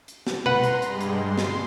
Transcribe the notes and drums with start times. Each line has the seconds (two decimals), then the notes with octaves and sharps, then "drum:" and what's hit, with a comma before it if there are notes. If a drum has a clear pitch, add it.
0.08 drum: hi-hat
0.27 drum: snare
0.46 B4 F#5 A#5 C6, drum: tom B2
0.64 drum: hi-hat
0.82 G2 G3 G#3, drum: hi-hat
1.01 drum: hi-hat
1.24 C6
1.38 drum: snare